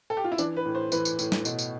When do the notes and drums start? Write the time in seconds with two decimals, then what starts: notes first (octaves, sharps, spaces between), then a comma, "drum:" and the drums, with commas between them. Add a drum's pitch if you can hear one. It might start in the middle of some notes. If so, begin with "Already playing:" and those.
0.10 A4
0.17 G4
0.24 F4
0.32 E4
0.38 E3 D4, drum: tambourine
0.57 B4
0.66 A2
0.75 C5
0.92 E3 B4, drum: tambourine
1.05 drum: tambourine
1.19 A2, drum: tambourine
1.32 drum: snare
1.45 B2, drum: tambourine
1.59 drum: tambourine